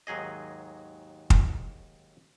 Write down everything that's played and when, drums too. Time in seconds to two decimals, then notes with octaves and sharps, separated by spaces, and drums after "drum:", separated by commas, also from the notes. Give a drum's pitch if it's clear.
0.07 D#2 G#2 F#3 G#4 D#5
1.30 drum: kick